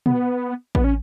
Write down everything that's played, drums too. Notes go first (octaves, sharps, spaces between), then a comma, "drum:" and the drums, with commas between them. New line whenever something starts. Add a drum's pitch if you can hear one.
B3, drum: tom A#2
B3, drum: kick A1
C#4